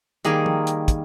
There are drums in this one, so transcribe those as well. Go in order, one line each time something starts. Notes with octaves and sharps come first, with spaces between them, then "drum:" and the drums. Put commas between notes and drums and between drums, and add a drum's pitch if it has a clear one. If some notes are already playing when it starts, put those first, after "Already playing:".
D#3 G3 A#3 G#4, drum: hi-hat
drum: tom
drum: hi-hat
drum: kick, hi-hat